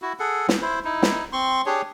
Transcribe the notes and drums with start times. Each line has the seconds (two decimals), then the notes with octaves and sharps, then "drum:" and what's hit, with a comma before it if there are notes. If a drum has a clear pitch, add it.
0.02 E4 F#4
0.20 G#4 A4 F#5
0.49 drum: snare
0.62 E4 C5
0.84 D#4 E4
1.02 drum: snare
1.33 C4 C6 C#6
1.66 D4 G4 G#4 C#5